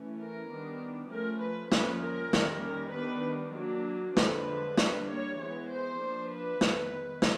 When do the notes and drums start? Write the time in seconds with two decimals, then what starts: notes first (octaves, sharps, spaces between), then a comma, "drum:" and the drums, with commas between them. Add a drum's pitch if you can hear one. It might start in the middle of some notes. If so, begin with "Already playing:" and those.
Already playing: E3 A3 C#4
0.19 A#4
0.50 D#3 G3 B3 D4
1.10 F3 A3 C#4 A#4
1.42 B4
1.72 F3 A#3 C#4 B4, drum: snare
2.02 A#4
2.33 D#3 G3 A#3 C#4, drum: snare
2.64 A#4
2.94 D#3 G3 B3 D4 B4
3.55 F#3 A#3 D4
4.17 D3 F3 G#3 B4, drum: snare
4.77 G3 A#3 D4, drum: snare
5.08 C#5
5.39 E3 G#3 B3 C#5
5.69 C5
5.99 F3 A#3 D4
6.31 B4
6.61 D#3 G#3 B3, drum: snare
7.22 drum: snare